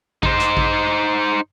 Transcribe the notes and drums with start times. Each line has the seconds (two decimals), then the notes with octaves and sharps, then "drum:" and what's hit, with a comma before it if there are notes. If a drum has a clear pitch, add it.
0.23 D#4 C5, drum: kick A1
0.40 drum: hi-hat
0.57 drum: kick A1